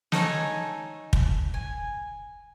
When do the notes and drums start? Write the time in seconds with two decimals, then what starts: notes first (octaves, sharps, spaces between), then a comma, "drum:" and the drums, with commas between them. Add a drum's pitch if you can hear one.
0.12 D#4 A4 C#5 G#5, drum: snare
1.13 drum: kick
1.54 G#5